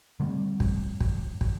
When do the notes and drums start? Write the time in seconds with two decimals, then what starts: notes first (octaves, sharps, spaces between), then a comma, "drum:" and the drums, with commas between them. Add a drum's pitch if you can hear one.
0.20 D3 G3 A3 C4
0.60 drum: kick
1.00 drum: kick
1.41 drum: kick